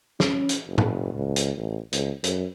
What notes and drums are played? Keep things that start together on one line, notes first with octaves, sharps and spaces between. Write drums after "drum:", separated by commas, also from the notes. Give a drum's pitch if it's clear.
C#4, drum: snare
drum: hi-hat
F#1
drum: tom A2
C#2
drum: hi-hat
A1
C#2, drum: hi-hat
F#2, drum: hi-hat